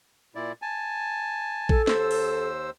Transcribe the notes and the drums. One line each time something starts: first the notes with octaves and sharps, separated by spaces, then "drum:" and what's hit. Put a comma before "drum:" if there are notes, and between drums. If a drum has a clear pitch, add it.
A#2 E4 D5
G#5 A5
A4, drum: kick A#1
D#2 C5 E6, drum: snare
drum: open hi-hat